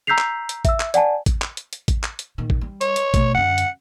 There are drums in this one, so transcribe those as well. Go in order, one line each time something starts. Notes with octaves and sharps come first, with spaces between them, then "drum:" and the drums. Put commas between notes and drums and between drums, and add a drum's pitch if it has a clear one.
A#5 E6 G6 B6 C7 F7
drum: clap
drum: hi-hat
E5 E6, drum: kick A1, hi-hat
drum: clap
D5 F#5 G#5 A5, drum: hi-hat
drum: kick A1, hi-hat
drum: clap
drum: hi-hat
drum: hi-hat
drum: kick A1, hi-hat
drum: clap
drum: hi-hat
A#2 D#3
drum: kick A1
G3
C#5, drum: hi-hat
drum: hi-hat
B2 A3, drum: kick A1, hi-hat
F#2 D3 F#5
drum: hi-hat